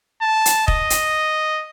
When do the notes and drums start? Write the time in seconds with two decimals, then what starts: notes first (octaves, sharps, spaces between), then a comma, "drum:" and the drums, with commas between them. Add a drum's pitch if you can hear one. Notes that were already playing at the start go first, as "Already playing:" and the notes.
0.22 A5
0.46 drum: hi-hat
0.68 D#5, drum: kick
0.90 drum: hi-hat